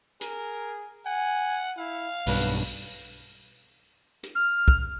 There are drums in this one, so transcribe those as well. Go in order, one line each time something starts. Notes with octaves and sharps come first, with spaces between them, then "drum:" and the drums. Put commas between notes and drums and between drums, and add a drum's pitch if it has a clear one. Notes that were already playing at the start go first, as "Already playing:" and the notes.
G#4 A#4, drum: hi-hat
F#5 G#5
E4 F5
B1 G2 B4, drum: open hi-hat
drum: hi-hat
F6
drum: kick